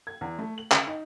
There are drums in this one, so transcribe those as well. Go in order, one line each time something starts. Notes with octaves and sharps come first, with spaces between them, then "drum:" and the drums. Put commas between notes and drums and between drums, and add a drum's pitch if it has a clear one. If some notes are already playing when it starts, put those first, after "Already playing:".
G#6
E2
A3
F#7
C#3, drum: clap
D#4